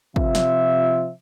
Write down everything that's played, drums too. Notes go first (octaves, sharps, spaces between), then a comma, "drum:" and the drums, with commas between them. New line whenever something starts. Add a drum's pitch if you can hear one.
C3 F3 F4 E5, drum: kick
drum: snare